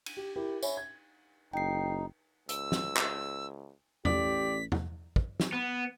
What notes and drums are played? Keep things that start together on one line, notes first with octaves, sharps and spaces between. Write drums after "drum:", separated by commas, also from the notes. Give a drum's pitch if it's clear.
drum: cymbal
G4
E4 G4 A#4
C#5 E5 G#5 B5, drum: tambourine
G#6
F#1 D#4 G5 C7
C#2 E6, drum: hi-hat
drum: snare
drum: clap
A1 G4 D5 B6, drum: tom E2
drum: tom E2
drum: kick
drum: snare
B3